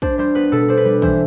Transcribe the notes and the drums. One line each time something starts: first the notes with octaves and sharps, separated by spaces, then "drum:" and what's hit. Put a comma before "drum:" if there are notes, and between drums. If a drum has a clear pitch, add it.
D4 C5, drum: kick
G3 C5
B3 B4
B2 A4
D4 C5
B4
G3
E3 C5, drum: kick